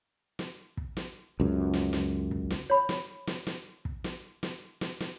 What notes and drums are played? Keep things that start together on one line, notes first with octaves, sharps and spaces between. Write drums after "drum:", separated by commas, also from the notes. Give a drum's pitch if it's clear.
drum: snare
drum: kick
drum: snare
C#2 F#2
drum: snare
drum: snare
drum: kick
drum: snare
C#5 B5
drum: snare
drum: snare
drum: snare
drum: kick
drum: snare
drum: snare
drum: snare
drum: snare